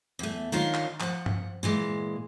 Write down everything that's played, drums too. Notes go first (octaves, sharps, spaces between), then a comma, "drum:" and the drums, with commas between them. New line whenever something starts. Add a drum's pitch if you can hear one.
E2 A3
D#3 D4 D#4 F4 C#5
drum: clap
F3 F#5, drum: clap
drum: tom G2
A#2 E3 G#3